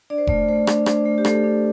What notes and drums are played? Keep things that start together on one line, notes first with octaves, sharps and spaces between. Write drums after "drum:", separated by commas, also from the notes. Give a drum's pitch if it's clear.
D4 D5
C5
A3 D5, drum: kick F1
A3 C5
D4, drum: rim click
D4 C5, drum: rim click
A3
G4
A3 A4, drum: rim click
D4